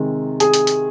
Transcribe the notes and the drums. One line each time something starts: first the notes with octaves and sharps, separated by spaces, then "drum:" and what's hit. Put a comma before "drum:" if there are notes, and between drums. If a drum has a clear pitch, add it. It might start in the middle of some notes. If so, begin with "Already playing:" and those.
Already playing: C3 D#3 G#3
G#4, drum: hi-hat
drum: hi-hat
drum: hi-hat